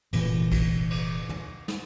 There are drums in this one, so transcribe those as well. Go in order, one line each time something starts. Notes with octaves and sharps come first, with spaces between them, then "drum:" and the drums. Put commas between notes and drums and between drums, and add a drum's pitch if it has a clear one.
F1 A#2 E3, drum: cymbal
drum: kick, cymbal
drum: cymbal
drum: tom
drum: snare